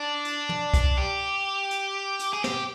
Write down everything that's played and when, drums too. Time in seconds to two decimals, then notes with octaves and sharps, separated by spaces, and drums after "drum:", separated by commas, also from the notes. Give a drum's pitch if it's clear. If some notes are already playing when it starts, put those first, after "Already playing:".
Already playing: D4
0.25 drum: hi-hat
0.49 drum: tom
0.74 drum: kick, hi-hat
0.98 G4
1.71 drum: hi-hat
2.19 drum: hi-hat
2.33 G#4
2.44 G4, drum: snare